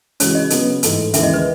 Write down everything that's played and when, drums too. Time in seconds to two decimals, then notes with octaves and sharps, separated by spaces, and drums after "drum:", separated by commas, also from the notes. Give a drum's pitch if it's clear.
0.20 C#3 E3 G#3 C#4 F#4 C#5, drum: hi-hat
0.35 D#5
0.50 C#3 F#3 B3, drum: hi-hat
0.83 G#2 E3 A3, drum: hi-hat
1.14 D#2 C#3 E3 G#3 E5, drum: hi-hat
1.23 D#5
1.34 B4